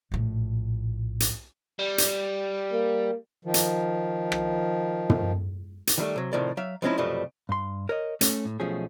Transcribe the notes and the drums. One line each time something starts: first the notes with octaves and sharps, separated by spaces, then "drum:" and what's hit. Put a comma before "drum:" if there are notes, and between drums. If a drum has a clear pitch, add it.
A#1 A2
drum: hi-hat
G3
drum: hi-hat
A#3
D#3 F3
drum: hi-hat
drum: rim click
drum: tom
drum: hi-hat
D#3 E3 G3 A3
C3 F#3
A2 C3 D#3 F3 D5
F#3 E5 F5
F3 G#3 C4 C#4 D#4 E4
C2 F#2 B2 F3 G3 A3
G2 C6
A#4 C#5 D#5
A3 C#4, drum: hi-hat
A2
B1 B2 F3 A3 C#4 G#4